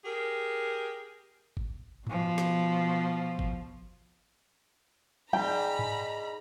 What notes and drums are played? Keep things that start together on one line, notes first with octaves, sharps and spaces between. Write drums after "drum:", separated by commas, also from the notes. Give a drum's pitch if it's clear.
G4 G#4 A#4
drum: kick G1
B2 F3, drum: tom G2
drum: snare
drum: kick G1
G#2 D4 A#4 G5 A#5 B5, drum: tom F3
drum: tom G2